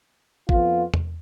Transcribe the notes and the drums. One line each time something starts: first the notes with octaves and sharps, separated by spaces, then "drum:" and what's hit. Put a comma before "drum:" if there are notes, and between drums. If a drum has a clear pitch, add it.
F2 F3 B3 F4, drum: kick A1
drum: tom E2